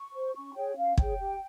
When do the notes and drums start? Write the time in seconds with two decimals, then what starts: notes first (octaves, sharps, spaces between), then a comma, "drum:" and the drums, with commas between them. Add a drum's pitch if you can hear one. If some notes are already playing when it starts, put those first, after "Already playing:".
Already playing: C#6
0.14 C5
0.34 C#4 C#6
0.55 G#4 C#5 G5
0.76 C#4 F5
0.98 G#4 C#5 G5, drum: kick
1.19 G4